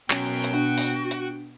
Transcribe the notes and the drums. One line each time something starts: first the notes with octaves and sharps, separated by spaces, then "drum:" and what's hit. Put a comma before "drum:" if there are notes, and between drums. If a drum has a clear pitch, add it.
B2 F#3 C#4 G5, drum: clap
drum: hi-hat
D4 F#4
drum: open hi-hat
drum: hi-hat